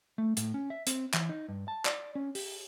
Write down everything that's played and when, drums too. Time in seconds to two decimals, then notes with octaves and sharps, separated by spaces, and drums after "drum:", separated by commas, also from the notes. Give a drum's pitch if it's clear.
0.18 A3
0.37 A2, drum: hi-hat
0.54 C#4
0.70 E5
0.87 C4, drum: hi-hat
1.14 E3, drum: clap
1.29 D#4
1.48 G2
1.68 A5
1.85 D5, drum: clap
2.15 C#4
2.35 G4, drum: open hi-hat